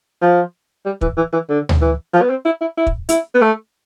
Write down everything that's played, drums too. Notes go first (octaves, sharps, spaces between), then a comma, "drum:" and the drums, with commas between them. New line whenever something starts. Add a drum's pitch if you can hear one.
F3
G3
E3, drum: kick
E3
E3
D3
drum: tom D2
E3
F3
B3
C4
E4
E4
E4
drum: kick
E4, drum: hi-hat
B3
A3